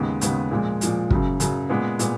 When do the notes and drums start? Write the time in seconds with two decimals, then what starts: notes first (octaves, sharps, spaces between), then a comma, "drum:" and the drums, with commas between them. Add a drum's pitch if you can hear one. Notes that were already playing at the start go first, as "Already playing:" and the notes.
Already playing: D#2 C#3 G#3 B3
0.21 D#2 C#3 G#3 B3, drum: hi-hat
0.51 A#2 F3 G#3
0.81 A#2 F3 G#3, drum: hi-hat
1.10 F#2 C#3 F#3, drum: kick
1.40 F#2 C#3 F#3, drum: hi-hat
1.70 A#2 G#3 B3
1.99 A#2 G#3 B3, drum: hi-hat